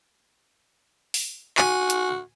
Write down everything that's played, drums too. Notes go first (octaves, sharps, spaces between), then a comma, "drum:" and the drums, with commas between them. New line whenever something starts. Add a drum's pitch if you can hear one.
drum: open hi-hat
F#4 G#5, drum: clap
drum: hi-hat